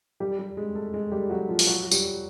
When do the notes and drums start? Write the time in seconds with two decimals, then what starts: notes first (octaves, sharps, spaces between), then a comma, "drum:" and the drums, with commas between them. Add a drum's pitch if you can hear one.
0.20 G3 G4
0.39 G3 G4
0.57 G#3 G#4
0.75 A3 A4
0.93 G#3 G#4
1.12 G3 G4
1.30 F#3 F#4
1.49 F3 F4
1.59 F4, drum: open hi-hat
1.67 F#3 F#4
1.76 F4
1.83 F#4
1.91 G3 G4, drum: tambourine